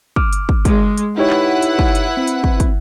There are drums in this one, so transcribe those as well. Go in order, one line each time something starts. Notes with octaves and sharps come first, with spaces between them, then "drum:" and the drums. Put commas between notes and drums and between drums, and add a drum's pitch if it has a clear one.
D6 F6, drum: kick
drum: hi-hat
drum: kick
G#3, drum: kick, hi-hat
drum: hi-hat
D#4 E4 G4 B4 C#5 F#5
drum: clap
drum: hi-hat
drum: kick
drum: hi-hat
C4
drum: hi-hat
drum: kick
drum: kick, hi-hat